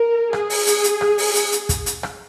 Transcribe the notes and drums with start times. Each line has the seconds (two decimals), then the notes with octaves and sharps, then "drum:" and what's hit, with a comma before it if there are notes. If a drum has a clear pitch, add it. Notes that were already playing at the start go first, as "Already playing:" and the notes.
Already playing: A#4
0.33 G#4, drum: rim click
0.50 drum: open hi-hat
0.67 drum: hi-hat
0.84 drum: hi-hat
1.01 drum: rim click
1.18 drum: open hi-hat
1.35 drum: hi-hat
1.52 drum: hi-hat
1.69 drum: kick, hi-hat
1.86 drum: hi-hat
2.03 drum: rim click